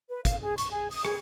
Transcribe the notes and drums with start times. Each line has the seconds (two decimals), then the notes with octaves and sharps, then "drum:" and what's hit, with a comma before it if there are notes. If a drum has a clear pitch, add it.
0.09 B4
0.25 F5, drum: kick, hi-hat
0.42 G#4
0.58 C#6, drum: hi-hat
0.71 G#4
0.91 D#6, drum: open hi-hat
1.05 G#4, drum: rim click